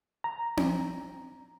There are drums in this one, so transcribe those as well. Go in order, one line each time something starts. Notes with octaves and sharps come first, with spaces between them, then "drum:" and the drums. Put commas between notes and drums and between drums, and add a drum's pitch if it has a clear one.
A#5
drum: tom C4